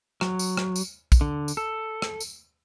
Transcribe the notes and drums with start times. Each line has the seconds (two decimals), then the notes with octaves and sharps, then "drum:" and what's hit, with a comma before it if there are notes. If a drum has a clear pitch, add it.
0.21 F#3, drum: rim click
0.39 drum: tambourine
0.57 drum: rim click
0.76 drum: tambourine
1.12 drum: kick, tambourine
1.21 D3
1.48 drum: tambourine
1.57 A4
2.02 drum: rim click
2.20 drum: tambourine